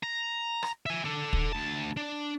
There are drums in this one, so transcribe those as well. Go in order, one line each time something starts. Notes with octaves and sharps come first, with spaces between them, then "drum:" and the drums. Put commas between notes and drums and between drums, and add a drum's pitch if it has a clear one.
A#5
drum: rim click
E5 G#5
A4 D5
drum: kick
D2 A5
D4